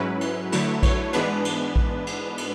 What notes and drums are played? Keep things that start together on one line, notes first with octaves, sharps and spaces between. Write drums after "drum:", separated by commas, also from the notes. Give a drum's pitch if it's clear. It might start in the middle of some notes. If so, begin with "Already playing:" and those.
Already playing: G#2 F#3 C#4 E4 B4
drum: cymbal
D3 F#3 A3 E4, drum: cymbal
C#5, drum: kick A#1, cymbal
G#2 E3 G#3 B3 D4 B4, drum: cymbal
drum: cymbal
drum: kick A#1
drum: cymbal
drum: cymbal